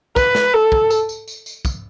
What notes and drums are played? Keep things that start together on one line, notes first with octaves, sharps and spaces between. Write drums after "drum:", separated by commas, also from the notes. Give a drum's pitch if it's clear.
B4, drum: kick, tambourine
drum: snare
A4
drum: kick
drum: tambourine
drum: tambourine
drum: tambourine
drum: tambourine
drum: kick, tambourine